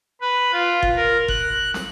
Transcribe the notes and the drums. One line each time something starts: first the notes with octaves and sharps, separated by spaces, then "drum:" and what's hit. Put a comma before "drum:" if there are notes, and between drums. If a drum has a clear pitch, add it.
B4
F4
drum: kick G1
A#4
F#6, drum: kick G1
drum: snare